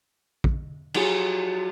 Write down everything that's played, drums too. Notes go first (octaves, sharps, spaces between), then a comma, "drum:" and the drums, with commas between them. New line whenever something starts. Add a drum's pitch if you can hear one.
drum: kick
F3 F#3 G4 G#4, drum: cymbal